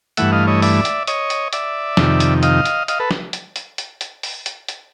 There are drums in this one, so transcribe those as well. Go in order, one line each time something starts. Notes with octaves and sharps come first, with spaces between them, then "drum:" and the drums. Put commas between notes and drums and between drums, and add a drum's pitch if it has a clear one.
G2 E3 A3 E5 F#5, drum: hi-hat
D#5 F5
C#5 D#5
D5 E5, drum: open hi-hat
drum: hi-hat
C#5 D#5, drum: hi-hat
drum: hi-hat
D5 E5, drum: hi-hat
F2 C3 D#3, drum: snare
drum: hi-hat
D#5 F5, drum: hi-hat
drum: hi-hat
D#5 F5, drum: hi-hat
A4 B4
drum: snare
drum: hi-hat
drum: hi-hat
drum: hi-hat
drum: hi-hat
drum: open hi-hat
drum: hi-hat
drum: hi-hat